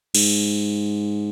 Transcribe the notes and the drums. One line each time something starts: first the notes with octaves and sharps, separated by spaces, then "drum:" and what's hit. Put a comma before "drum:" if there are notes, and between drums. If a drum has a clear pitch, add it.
G#2, drum: cymbal